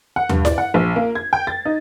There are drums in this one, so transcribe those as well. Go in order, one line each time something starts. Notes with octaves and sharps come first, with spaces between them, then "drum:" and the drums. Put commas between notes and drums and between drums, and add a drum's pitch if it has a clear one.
F#5
G2, drum: tom D#2
D5, drum: snare E4
F#5
A#1
A#3
G#6
G5
A6
D#4